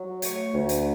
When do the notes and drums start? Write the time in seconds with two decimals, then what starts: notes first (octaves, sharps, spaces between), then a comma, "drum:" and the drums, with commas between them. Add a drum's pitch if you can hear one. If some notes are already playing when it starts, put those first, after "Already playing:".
Already playing: F#3
0.22 A3 C#5, drum: hi-hat
0.53 D2
0.69 drum: hi-hat